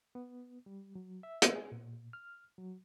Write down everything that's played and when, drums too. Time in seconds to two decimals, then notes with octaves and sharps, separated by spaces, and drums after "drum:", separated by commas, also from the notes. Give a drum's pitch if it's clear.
0.15 B3
0.66 G3
0.95 F#3
1.23 E5
1.42 drum: hi-hat
1.55 G#4
1.72 A#2
2.13 F6
2.58 F#3